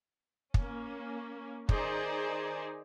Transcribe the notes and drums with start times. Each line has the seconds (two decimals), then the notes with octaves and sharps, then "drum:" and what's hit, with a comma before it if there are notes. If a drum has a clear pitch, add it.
0.54 A#3 C#4, drum: kick
1.69 D#3 D#4 G#4 C5 D5, drum: kick